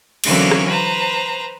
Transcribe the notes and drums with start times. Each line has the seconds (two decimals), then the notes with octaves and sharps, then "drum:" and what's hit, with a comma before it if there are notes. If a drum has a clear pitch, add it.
0.24 D3 E3 F#3 A#3 C4 C#4, drum: cymbal
0.51 drum: rim click
0.69 B4 C5 A#5